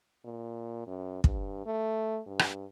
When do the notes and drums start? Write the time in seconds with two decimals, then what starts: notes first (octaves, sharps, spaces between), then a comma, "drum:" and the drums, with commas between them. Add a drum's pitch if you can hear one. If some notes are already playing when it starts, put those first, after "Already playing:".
0.25 A#2
0.87 F#2
1.24 G2, drum: kick
1.66 A3
2.27 G2
2.39 drum: rim click